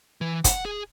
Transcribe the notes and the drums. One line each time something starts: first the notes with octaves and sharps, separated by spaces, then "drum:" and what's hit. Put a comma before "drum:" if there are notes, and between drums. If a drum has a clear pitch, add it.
E3
F#5, drum: kick, hi-hat
G#4